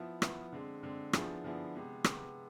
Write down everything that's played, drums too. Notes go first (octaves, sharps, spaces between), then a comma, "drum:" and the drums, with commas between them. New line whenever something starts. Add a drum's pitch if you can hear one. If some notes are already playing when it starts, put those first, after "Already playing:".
Already playing: F3 B3 E4
F3 B3 E4, drum: rim click
D3 G#3 C4
D3 G#3 C4
D3 F3 B3 E4 G#4, drum: rim click
D3 F3 B3 E4 G#4
C3 G#3 B3
C3 G#3 B3, drum: rim click